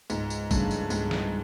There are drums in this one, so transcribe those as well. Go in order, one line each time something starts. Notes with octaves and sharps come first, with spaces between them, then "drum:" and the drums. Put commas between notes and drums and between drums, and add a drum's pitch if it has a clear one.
C#2 G#2, drum: tambourine
drum: tambourine
G2 C#3 F3 A3, drum: kick, tambourine
drum: tambourine
C#2 G#2, drum: tambourine
drum: snare